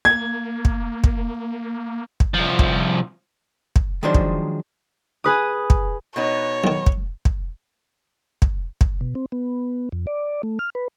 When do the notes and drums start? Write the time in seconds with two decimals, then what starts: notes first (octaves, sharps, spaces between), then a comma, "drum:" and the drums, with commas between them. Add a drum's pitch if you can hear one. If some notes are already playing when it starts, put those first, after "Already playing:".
0.05 A#3 G#6
0.65 drum: kick
1.04 drum: kick
2.20 drum: kick
2.34 C2 F3
2.59 drum: kick
3.76 drum: kick
4.03 D#3 F3 F#3 G#3 D4 C5
4.14 drum: kick
5.24 G#4 B4 D#6
5.70 drum: kick
6.16 B2 B3 D#4 C#5
6.64 B1 D#3
6.86 drum: kick
7.25 drum: kick
8.42 drum: kick
8.81 drum: kick
9.01 B2
9.15 C4
9.32 B3
9.92 F2
10.07 D5
10.43 A3
10.59 F6
10.75 B4